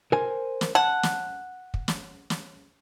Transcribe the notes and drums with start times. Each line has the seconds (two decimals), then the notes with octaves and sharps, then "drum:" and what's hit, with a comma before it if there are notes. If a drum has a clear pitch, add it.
0.12 A#4 C5 G#5
0.61 drum: snare
0.75 F#5 A5
1.03 drum: snare
1.74 drum: kick
1.88 drum: snare
2.30 drum: snare